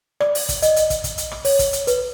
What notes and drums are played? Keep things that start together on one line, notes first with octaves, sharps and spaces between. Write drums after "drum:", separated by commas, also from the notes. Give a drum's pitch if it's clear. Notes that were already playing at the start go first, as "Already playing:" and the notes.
D5, drum: rim click
drum: open hi-hat
drum: kick, hi-hat
D#5, drum: hi-hat
drum: hi-hat
drum: kick, hi-hat
drum: kick, hi-hat
drum: hi-hat
drum: rim click
C#5, drum: open hi-hat
drum: kick, hi-hat
drum: hi-hat
B4, drum: hi-hat